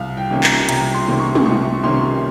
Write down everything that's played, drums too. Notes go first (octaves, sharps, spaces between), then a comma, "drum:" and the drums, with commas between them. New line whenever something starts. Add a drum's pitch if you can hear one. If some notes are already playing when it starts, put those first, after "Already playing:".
Already playing: C2 F5
G5
C3 D#3 A#3 C#4
A#5, drum: clap
C2 A#5, drum: hi-hat
C6
C3 D#3 A#3 C#4
C#6
drum: tom
C2 C#6
C3 D#3 A#3 C#4 C6